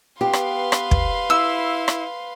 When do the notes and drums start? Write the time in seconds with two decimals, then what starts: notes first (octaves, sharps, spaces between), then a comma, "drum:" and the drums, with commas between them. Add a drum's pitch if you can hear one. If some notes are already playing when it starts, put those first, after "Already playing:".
0.21 B3 G4 B4 F5 C6
0.33 drum: rim click
0.72 drum: rim click
0.91 drum: kick
1.30 E4 E6
1.88 drum: rim click